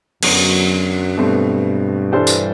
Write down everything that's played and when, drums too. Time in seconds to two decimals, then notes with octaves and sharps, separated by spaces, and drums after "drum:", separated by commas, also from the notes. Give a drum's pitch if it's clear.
0.23 F#2 D3 F#3 B3 D4, drum: cymbal
1.17 G2 B2 A3 C4
2.12 E3 G3 D4 A4 C5
2.27 drum: tambourine